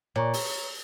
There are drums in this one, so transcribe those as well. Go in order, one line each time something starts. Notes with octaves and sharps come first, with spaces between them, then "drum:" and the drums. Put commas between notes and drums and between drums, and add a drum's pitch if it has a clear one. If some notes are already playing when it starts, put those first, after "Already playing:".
A#2 C#5 A#5 C#6
drum: open hi-hat